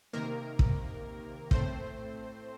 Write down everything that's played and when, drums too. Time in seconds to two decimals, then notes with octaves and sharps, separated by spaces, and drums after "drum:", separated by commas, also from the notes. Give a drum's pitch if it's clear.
0.13 C3 D#3 A#3 A#4
0.59 drum: kick
1.51 A2 A3 C4 C5, drum: kick